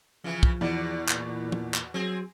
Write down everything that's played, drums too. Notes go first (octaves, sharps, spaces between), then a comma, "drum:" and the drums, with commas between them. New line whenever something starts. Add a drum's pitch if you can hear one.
C#3 E3 F3
drum: kick
E2 B2 E3 D5
A#2, drum: clap
drum: tom
drum: clap
F#3 C4 G#4